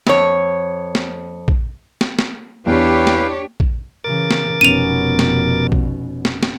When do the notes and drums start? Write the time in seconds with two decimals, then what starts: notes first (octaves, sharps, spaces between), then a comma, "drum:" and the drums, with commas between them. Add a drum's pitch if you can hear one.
0.07 F2 C#5, drum: snare
0.95 drum: snare
1.48 drum: kick
2.01 drum: snare
2.19 drum: snare
2.66 E2 D4 E4 G4 B4 C#5 F5 G5
3.07 drum: snare
3.60 drum: kick
4.04 C#3 E3 A#4 D6 A6
4.31 drum: snare
4.61 F1 B2 B3 C#4 D#4 D#7 F7
5.19 drum: snare
5.72 drum: kick
6.25 drum: snare
6.43 drum: snare